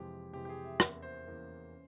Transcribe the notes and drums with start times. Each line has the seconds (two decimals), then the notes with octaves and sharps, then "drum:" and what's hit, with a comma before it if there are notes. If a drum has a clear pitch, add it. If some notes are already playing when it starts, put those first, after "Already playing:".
Already playing: F2 C3 E3 G#3 G4
0.33 F2 C3 E3 G#3 G4
0.45 G4
0.49 G#4
0.64 E5
0.80 E2 E3 A#3 C#4 E5, drum: rim click
1.02 C5
1.26 E2 E3 A#3 C#4
1.71 C#4